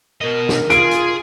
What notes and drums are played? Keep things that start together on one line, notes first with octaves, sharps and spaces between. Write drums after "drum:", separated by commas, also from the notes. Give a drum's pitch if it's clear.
B2 A#4 D#5
drum: snare
F4 G#4 D7, drum: hi-hat
drum: hi-hat